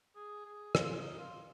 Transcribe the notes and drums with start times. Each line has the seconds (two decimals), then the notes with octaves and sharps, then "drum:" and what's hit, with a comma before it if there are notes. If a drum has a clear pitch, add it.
0.16 G#4
0.45 G#4
0.75 F4, drum: rim click
0.96 D#4
1.18 F4